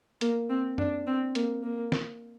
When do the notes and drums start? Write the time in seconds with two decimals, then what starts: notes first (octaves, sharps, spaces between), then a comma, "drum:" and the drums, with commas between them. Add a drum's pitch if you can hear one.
0.21 A#3, drum: hi-hat
0.50 C4
0.78 D4, drum: tom F#2
1.07 C4
1.35 A#3, drum: hi-hat
1.63 A#3
1.92 drum: snare